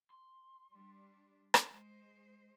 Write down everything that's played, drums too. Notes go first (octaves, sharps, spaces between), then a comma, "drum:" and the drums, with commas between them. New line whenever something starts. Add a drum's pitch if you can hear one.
C6
G3 D4
drum: rim click
G#3 C5